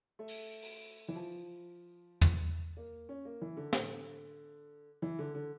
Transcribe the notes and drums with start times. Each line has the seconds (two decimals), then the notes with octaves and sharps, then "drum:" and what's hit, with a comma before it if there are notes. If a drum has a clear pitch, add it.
0.19 A3
0.28 drum: open hi-hat
0.62 drum: open hi-hat
1.08 E3
1.16 F3
2.21 drum: tom
2.77 A#3
3.09 C#4
3.25 A#3
3.42 E3
3.57 D3
3.73 drum: snare
5.02 E3
5.19 D3
5.35 D3